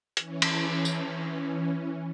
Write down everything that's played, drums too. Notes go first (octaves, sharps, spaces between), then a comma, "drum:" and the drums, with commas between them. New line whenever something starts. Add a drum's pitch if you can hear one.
E3 C#4, drum: hi-hat
drum: cymbal
drum: tambourine